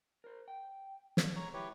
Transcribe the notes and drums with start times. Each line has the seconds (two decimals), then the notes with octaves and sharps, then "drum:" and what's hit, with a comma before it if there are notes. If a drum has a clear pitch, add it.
0.24 A#4 C5
0.48 G5
1.17 drum: snare
1.36 G#2 G#3 C#5 A#5
1.54 G#2 E4 G4 B4 C#5 E5